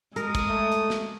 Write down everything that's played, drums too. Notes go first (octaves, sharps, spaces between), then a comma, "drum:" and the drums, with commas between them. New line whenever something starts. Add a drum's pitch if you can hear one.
G#3 A#4 D#6, drum: hi-hat
drum: kick, hi-hat
A3
drum: hi-hat
drum: snare